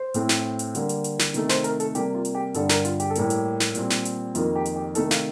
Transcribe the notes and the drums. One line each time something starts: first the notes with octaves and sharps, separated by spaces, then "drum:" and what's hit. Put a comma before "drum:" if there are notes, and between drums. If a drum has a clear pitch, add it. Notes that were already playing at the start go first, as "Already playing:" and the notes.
Already playing: C5
A2 A3 C4, drum: hi-hat
drum: snare
drum: hi-hat
D3 G3 A#3, drum: hi-hat
drum: hi-hat
drum: hi-hat
drum: snare
C3 D#3 A3, drum: hi-hat
C5, drum: snare
A#4, drum: hi-hat
A4, drum: hi-hat
C3 G3 A#3 G4, drum: hi-hat
F4
drum: hi-hat
G4
G2 D3 G3 A4, drum: hi-hat
A#4, drum: snare
F4, drum: hi-hat
G4, drum: hi-hat
A4
A2 G3 A#3 G4, drum: hi-hat
drum: hi-hat
drum: snare
A#2 G3 C4, drum: hi-hat
drum: snare
drum: hi-hat
F2 D#3 A#3 F4, drum: hi-hat
G4
drum: hi-hat
G4
C3 D#3 A3 A4, drum: hi-hat
F5, drum: snare